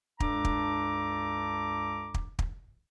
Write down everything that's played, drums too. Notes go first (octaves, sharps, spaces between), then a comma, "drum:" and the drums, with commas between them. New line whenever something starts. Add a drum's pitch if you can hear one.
C#2 G2 D4 A4 A#5 D6, drum: kick
drum: kick
drum: kick
drum: kick